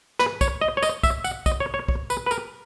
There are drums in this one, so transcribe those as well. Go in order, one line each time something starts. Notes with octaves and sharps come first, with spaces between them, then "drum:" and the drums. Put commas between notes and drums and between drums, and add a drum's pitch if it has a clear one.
B4, drum: snare
C#5, drum: kick, tambourine
D#5
C#5
D#5, drum: tambourine
E5, drum: kick, tambourine
F#5, drum: tambourine
D#5, drum: kick, tambourine
C#5
C#5
C#5, drum: kick
B4, drum: tambourine
B4
A#4, drum: tambourine